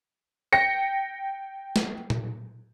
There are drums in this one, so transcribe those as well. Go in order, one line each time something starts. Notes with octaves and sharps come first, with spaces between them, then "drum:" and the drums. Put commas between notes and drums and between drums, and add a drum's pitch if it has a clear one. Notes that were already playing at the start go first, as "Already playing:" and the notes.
G5 A#6 C#7
drum: snare
drum: tom A#2